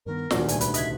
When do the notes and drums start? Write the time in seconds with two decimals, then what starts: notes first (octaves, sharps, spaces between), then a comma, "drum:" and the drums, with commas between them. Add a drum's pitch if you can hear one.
0.06 G2 D#3 B3 A#4
0.31 D#1 A1 D2 B2 F#3 A#3 D4 F#4, drum: snare
0.48 C2 A#2 A3 D4 G#5, drum: hi-hat
0.61 D4 B4 B5, drum: hi-hat
0.74 C2 C#3 D#5 E5 F#6 G#6, drum: hi-hat